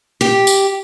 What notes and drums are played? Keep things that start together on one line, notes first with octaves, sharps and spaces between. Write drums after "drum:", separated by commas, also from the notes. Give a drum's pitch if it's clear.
G4
drum: tambourine